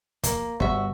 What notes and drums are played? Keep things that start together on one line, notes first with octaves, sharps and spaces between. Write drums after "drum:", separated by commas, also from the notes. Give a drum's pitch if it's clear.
A#3, drum: kick, hi-hat
G1 F#4 E5